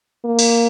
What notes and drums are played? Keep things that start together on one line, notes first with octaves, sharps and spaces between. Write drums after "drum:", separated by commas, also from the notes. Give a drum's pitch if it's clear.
A#3
drum: cymbal